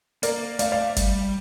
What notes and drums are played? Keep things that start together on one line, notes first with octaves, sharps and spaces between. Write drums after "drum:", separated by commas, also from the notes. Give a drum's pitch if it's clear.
A#3 A#4 D5, drum: hi-hat
A3 D5 F5, drum: hi-hat
D5 F5
G3, drum: kick, hi-hat